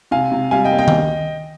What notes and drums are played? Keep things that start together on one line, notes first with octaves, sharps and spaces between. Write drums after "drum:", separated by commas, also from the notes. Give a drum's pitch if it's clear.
C3 F5 G#5
C3
G3 F5 G#5
D#5 G5
A#3
D#5 G5
drum: tom D#3